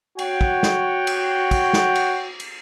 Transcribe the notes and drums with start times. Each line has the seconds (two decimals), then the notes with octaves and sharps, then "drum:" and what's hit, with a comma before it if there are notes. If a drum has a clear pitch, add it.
0.19 F#4 C#5 F#5 G5, drum: cymbal
0.41 drum: kick
0.63 drum: snare
1.07 drum: cymbal
1.51 drum: kick, cymbal
1.73 drum: snare
1.95 drum: cymbal
2.40 drum: cymbal